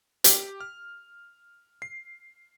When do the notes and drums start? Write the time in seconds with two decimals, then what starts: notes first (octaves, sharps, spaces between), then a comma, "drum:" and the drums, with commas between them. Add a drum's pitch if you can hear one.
0.24 G4, drum: hi-hat
0.60 F6
1.82 C7